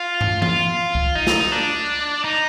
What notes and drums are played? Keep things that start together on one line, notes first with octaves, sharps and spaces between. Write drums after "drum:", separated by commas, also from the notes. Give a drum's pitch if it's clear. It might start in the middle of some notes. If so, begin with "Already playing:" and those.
Already playing: F4
drum: tom
F4, drum: tom E3
drum: kick C2
D#4
drum: snare
D4
D#4